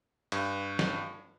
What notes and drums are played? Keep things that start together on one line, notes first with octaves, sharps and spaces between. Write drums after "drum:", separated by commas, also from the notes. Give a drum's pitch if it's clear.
G2, drum: hi-hat
drum: snare